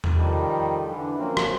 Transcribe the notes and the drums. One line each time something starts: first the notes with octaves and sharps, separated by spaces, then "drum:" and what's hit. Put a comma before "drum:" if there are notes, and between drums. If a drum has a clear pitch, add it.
drum: tom E2
D#3 F3 G3 A4
D3 E3
F3 F#3 A#3 C4 C#4
drum: rim click